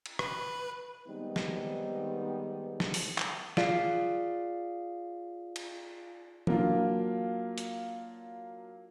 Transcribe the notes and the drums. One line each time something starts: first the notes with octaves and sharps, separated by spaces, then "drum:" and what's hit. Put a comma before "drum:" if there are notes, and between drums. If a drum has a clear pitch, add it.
drum: cymbal
B4, drum: rim click
D#3 G3 G#3 B3 C4 D#4
drum: snare
drum: snare
drum: open hi-hat
drum: clap
F4 G#4 D5 F5, drum: snare
drum: cymbal
F#3 A#3 D4 F4, drum: tom
drum: hi-hat